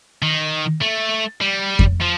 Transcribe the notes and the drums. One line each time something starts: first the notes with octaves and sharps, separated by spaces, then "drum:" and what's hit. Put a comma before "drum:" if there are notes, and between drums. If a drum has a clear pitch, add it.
D#3
A3
G3
drum: kick F2
F3